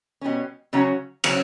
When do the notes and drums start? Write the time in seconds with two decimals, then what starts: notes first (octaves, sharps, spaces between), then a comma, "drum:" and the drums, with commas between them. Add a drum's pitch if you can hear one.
0.21 B2 G3 C#4
0.73 C#3 F#3 C#4 F#4
1.24 C#3 F#3 C#4 F#4, drum: cymbal